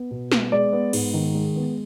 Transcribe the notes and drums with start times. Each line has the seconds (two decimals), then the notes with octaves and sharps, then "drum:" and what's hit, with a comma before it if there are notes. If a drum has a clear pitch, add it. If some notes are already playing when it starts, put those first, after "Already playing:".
Already playing: B3
0.11 B2
0.32 B3, drum: snare
0.52 G#3 D5
0.73 B3
0.93 G#2, drum: cymbal
1.14 D#3
1.35 G#3
1.56 B3